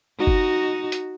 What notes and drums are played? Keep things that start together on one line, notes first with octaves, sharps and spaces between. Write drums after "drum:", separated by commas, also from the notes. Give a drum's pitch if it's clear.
D#4 F#4
drum: kick F#1
drum: hi-hat